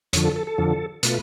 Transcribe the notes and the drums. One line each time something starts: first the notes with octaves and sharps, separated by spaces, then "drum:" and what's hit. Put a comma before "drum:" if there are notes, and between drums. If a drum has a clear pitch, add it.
F2 D3 F3 C#5, drum: hi-hat
A4
A4
A4
F2 D3 F3
B2 A3 F4 B4, drum: hi-hat